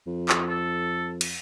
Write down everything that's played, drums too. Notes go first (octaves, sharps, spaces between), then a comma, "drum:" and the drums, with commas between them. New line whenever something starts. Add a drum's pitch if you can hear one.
F2
drum: clap
A4
drum: cymbal